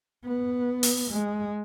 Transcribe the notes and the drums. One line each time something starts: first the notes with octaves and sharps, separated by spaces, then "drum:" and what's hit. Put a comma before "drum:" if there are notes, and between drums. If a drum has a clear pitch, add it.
B3
drum: open hi-hat
G#3